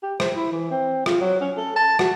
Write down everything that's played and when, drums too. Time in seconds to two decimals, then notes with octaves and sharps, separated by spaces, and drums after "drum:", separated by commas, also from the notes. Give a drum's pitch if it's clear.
0.03 G4
0.20 C5, drum: rim click
0.36 E4
0.52 E3
0.71 C4
1.06 F4, drum: rim click
1.21 F#3
1.41 C#4
1.57 A4
1.76 A5
1.99 F#4, drum: rim click